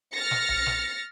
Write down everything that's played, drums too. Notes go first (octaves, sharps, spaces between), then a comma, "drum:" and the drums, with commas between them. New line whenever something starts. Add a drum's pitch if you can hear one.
F6 A6 A#6 C#7
drum: snare
drum: tom B1
drum: snare